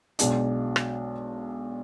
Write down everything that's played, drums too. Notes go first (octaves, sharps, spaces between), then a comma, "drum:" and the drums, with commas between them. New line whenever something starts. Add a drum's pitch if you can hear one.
B1 B2 G#3 D4, drum: hi-hat
drum: rim click